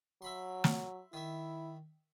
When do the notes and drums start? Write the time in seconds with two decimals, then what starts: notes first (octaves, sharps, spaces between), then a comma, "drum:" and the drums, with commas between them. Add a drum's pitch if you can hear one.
0.22 F#3 E5 B5 C6
0.64 drum: snare
1.13 D#3 E4 E5